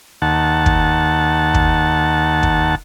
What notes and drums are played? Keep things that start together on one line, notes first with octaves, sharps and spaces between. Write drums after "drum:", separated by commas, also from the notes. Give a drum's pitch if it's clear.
D#2 F#5 A5
drum: kick
drum: kick
drum: kick